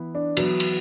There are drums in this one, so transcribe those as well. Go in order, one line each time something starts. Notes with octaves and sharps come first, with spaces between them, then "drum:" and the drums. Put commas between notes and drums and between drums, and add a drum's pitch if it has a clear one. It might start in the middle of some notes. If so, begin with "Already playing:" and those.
Already playing: E3 B3 E4 B4
D4
E3 F#3 B3 E4 B4, drum: cymbal
drum: cymbal